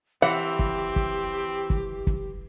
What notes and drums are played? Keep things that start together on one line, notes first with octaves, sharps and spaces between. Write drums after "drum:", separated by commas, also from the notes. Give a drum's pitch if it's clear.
E3 C4 G4 F#5
drum: kick
drum: kick
drum: kick
drum: kick